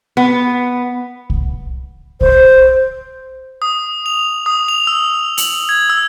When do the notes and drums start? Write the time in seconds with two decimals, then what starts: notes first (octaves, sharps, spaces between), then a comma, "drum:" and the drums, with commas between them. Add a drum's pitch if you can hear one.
0.17 B3
1.30 drum: kick C2
2.21 C5, drum: kick C2
3.62 D#6
4.06 F7
4.46 D#6
4.68 F7
4.87 E6
5.38 F#7, drum: hi-hat
5.69 G#6
5.90 E6